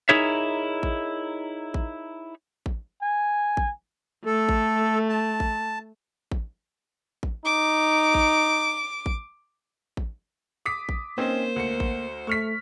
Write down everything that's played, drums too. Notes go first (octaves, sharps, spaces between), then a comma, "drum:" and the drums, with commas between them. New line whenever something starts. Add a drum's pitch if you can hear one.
D#4 E4 G#4 A#4 C#5 E5
drum: kick A1
drum: kick A1
drum: kick A1
G#5
drum: kick A1
A3 A4
drum: kick A1
A5
drum: kick A1
drum: kick A1
drum: kick A1
D#4 D6
drum: kick A1
drum: kick A1
drum: kick A1
D6 D#6 B6
drum: kick A1
A#3 C4 C#4 D#4 C5
D2 C#7
drum: kick A1
A3 C#6 F6 B6